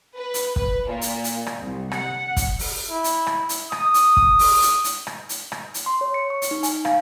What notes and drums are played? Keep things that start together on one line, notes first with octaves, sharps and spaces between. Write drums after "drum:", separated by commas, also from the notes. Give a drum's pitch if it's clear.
B4
drum: hi-hat
B4, drum: kick
A#2
drum: hi-hat
drum: hi-hat
drum: rim click
C2
F#5, drum: rim click
drum: kick, hi-hat
drum: open hi-hat
E4
drum: hi-hat
drum: rim click
drum: hi-hat
D#6, drum: rim click
drum: hi-hat
drum: kick
drum: open hi-hat
drum: hi-hat
drum: hi-hat
drum: rim click
drum: hi-hat
drum: rim click
drum: hi-hat
C6
C#5
C#7
C#6
drum: hi-hat
D#4
G#5, drum: hi-hat
F5, drum: rim click